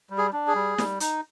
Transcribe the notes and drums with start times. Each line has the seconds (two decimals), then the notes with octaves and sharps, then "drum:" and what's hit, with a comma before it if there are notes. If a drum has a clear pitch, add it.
0.10 G3
0.18 G#4
0.33 D4
0.48 G#4
0.55 G3
0.78 G3, drum: snare
1.00 D#4, drum: hi-hat